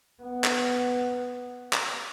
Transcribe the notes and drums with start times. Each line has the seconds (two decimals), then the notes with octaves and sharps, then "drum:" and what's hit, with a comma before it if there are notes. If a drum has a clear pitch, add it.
0.22 B3
0.44 drum: clap
1.73 drum: clap